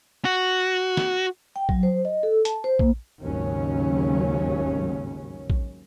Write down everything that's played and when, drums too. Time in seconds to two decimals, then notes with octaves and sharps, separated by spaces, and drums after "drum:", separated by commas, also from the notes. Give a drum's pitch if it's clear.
0.25 F#4
0.97 drum: snare
1.56 G5
1.69 F#3, drum: kick A#1
1.83 C5
2.05 D#5
2.23 A4
2.45 A5, drum: hi-hat
2.64 C5
2.79 A#3, drum: kick A#1
3.20 G#1 D#2 C#3 F#3 C#4
5.50 drum: kick A#1